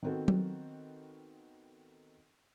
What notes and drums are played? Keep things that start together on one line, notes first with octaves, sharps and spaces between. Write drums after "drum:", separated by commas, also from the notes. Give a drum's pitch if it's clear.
D#3 B3 C4 F#4 A4
drum: tom F#3